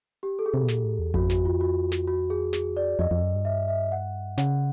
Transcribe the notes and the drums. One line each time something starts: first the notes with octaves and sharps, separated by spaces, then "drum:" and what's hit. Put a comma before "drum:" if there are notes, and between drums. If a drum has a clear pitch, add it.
G4
A4
G#4
C3
B2
A#2, drum: snare
A2
E2
F2 F#4, drum: kick G#1
F#4, drum: snare
F4
F#4
drum: snare
F#4
G#4
G#4, drum: snare
D5
F2 D#5
F2
F#2
G2
E5
E5
F#5
C#3 F#5, drum: snare